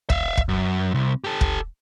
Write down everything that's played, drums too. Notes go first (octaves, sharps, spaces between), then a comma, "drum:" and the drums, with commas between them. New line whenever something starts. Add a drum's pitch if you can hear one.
E5 F5, drum: kick
drum: kick
F#2
C2
G4 A4
drum: kick